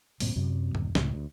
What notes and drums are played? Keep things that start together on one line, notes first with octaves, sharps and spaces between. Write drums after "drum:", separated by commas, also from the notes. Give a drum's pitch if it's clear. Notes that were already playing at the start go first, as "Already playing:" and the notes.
D2 G2 A#2 C4, drum: open hi-hat
F#2 C3 F#3
D#1, drum: tom F#2
C#2 A2 C3, drum: snare
D2